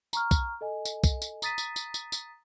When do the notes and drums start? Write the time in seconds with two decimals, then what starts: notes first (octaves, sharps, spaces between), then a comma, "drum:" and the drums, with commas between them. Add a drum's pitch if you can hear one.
0.13 A#5 C#6 F6, drum: tambourine
0.31 drum: kick, tambourine
0.61 A4 D#5 G#5
0.85 drum: tambourine
1.04 drum: kick, tambourine
1.22 drum: tambourine
1.42 A#5 D#6 A6 B6 D#7, drum: tambourine
1.58 drum: tambourine
1.76 drum: tambourine
1.94 drum: tambourine
2.12 drum: tambourine